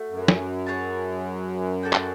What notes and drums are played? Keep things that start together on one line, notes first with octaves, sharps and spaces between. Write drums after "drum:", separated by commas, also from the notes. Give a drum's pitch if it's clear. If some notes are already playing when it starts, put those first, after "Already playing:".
Already playing: A3 F#4
F#2
drum: snare
G#4 C#5 F#5 A5
F#4 A4 D5 G5
drum: clap